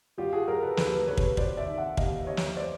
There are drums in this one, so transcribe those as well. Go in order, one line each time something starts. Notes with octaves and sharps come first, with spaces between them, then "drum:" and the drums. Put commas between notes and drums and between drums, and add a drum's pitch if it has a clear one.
F#3 F4 G4
F#4 G#4
F#3 G#4 A#4
A4 B4
D#2 A4 B4, drum: snare
D#2 B4 C#5
drum: kick
F#3 C5 D5, drum: kick
D5 E5
D#3
E5 F#5
D#2 D#5 F5, drum: kick
D#2 C#5 D#5
drum: snare
C5 D5